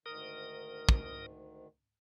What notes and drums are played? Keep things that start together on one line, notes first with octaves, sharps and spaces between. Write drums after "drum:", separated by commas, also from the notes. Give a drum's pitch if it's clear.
D2 G#2 D#3 A#4 D#6
drum: kick